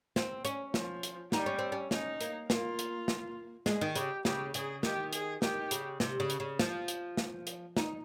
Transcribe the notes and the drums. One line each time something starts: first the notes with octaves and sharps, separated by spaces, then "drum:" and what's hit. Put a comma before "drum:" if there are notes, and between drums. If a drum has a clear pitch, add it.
C4, drum: snare
C#4, drum: hi-hat
F3, drum: snare
drum: hi-hat
G3 D#4, drum: snare
C#4
C4
C#4
C#4 D#4, drum: snare
A#3, drum: hi-hat
A#3 F4, drum: snare
drum: hi-hat
drum: snare
G#3 G#4, drum: snare
D#3
C#3 G4, drum: hi-hat
C#3 G4, drum: snare
C#3 G#4, drum: hi-hat
D#3 G4, drum: snare
G#4, drum: hi-hat
D#3 G4, drum: snare
C#3, drum: hi-hat
C3, drum: snare
C#3
drum: hi-hat
C#3
F3, drum: snare
drum: hi-hat
drum: snare
drum: hi-hat
D#4, drum: snare